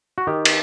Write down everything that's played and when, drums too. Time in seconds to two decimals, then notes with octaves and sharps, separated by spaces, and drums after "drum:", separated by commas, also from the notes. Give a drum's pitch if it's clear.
0.18 F#4
0.27 D#3 G4
0.45 drum: cymbal